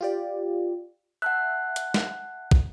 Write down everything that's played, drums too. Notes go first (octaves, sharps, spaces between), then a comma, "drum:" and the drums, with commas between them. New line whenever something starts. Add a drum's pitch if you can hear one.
F4 G4 D5
E5 F#5 A5 F#6
drum: hi-hat
drum: snare
drum: kick